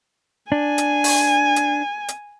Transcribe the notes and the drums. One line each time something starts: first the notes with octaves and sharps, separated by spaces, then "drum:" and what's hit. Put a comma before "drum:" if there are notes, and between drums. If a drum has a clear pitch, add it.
D4 G#5
drum: hi-hat
drum: open hi-hat
drum: hi-hat
drum: hi-hat